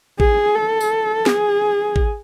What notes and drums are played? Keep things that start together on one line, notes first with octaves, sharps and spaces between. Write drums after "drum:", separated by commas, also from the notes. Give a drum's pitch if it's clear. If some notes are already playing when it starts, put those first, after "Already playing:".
G#4, drum: kick
A4
drum: tambourine
G#4, drum: snare
drum: kick